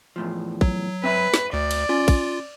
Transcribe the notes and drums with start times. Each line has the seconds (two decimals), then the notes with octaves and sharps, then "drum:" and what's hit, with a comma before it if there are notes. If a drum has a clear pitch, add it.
0.16 E2 A2 F3
0.61 F#3, drum: kick
1.04 C4 B4 E5 B5
1.34 drum: snare
1.53 D2 D5
1.71 drum: cymbal
1.89 C#4 F4
2.08 drum: kick, cymbal